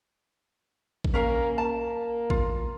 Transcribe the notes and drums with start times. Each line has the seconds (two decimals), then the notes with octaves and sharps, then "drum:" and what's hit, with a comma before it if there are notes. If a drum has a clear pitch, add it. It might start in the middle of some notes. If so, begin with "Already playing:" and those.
1.04 drum: kick A1
1.14 A#3 C#4 A#4 F5
1.58 A#3 A5
2.30 F4, drum: kick A1